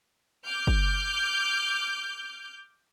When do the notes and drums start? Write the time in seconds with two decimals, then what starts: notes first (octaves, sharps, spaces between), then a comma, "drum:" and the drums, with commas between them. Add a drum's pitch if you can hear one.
0.47 D6 F6 G6
0.67 drum: kick G1